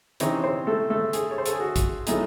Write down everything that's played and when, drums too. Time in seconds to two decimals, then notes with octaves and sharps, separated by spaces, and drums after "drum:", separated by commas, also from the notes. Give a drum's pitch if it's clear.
0.20 C3 E3 C4 C#4 D#4 C#5, drum: hi-hat
0.44 C4 C5
0.67 A3 A4
0.90 A3 A4
1.13 G#4, drum: hi-hat
1.31 C#5
1.38 C5
1.46 A4, drum: hi-hat
1.53 G#4
1.60 F#4
1.76 drum: kick A#1, hi-hat
2.07 A2 F#3 A3 D#4 G#4, drum: hi-hat